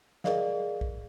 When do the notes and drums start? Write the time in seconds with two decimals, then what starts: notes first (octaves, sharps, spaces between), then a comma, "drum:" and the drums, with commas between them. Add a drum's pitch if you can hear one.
0.24 G#4 A#4 D5 D#5 F5, drum: snare
0.81 drum: kick